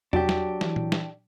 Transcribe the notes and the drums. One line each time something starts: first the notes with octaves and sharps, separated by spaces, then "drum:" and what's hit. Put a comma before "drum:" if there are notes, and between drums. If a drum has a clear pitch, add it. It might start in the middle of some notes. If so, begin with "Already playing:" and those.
F#3 D4 G4, drum: tom E2
drum: snare
E3, drum: snare
drum: tom A#2
drum: snare